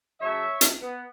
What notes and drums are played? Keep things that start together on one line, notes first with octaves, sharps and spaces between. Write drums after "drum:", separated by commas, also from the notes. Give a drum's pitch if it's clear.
C#3 F#3 A3 C#5 E5
drum: hi-hat
B3